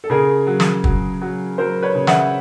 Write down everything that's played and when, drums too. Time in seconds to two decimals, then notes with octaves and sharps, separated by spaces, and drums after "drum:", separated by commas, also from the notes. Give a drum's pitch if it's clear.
0.04 A4
0.10 C#3 G#4 A#4
0.47 F#3
0.60 drum: snare
0.84 F#3, drum: kick
1.22 F#3
1.58 F#3 A#4 C5
1.83 B4 C#5
1.95 C#3
2.07 E5 F#5, drum: snare